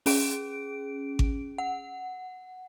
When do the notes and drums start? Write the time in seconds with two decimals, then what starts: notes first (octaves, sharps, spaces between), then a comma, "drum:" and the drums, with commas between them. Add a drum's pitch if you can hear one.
0.06 C#4 G#4 D7, drum: open hi-hat
1.19 drum: kick G#1
1.58 F#5